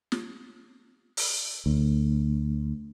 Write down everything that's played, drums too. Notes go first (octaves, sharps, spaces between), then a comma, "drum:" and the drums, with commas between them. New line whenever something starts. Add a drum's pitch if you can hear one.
drum: snare
drum: open hi-hat
D2